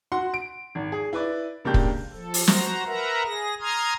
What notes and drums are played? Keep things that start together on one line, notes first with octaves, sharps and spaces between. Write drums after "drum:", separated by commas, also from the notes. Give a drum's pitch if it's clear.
F#4 F#5 C6
D7
G#1
G#4
E4 B4 D5
C#2 A#3 D4 G4 G6
drum: kick
F3 A4
drum: open hi-hat
F#4 C5 A#5, drum: snare
A#4 B4 E5 F#5 A#5
G#4 A#6
A#5 C6 D#6 F6 G#6